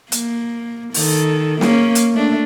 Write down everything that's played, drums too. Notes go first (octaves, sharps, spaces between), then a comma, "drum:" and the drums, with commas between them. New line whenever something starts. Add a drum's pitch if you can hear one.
A#3, drum: hi-hat
D#3 A4, drum: open hi-hat
A#3 C#4, drum: snare
drum: hi-hat
A3 D4